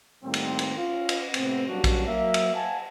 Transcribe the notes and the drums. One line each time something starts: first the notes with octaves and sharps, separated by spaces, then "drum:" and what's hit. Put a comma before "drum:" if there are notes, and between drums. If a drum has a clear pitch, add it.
A2 D#3 G3 A#3 C4
drum: cymbal
drum: cymbal
C#4 F4
drum: cymbal
A2 C3 B3 C4, drum: cymbal
F#3 G3 A#3 C#4 D4 F#4
drum: kick A#1, cymbal
F#3 A#3 E5
drum: cymbal
F5 F#5 G#5 A5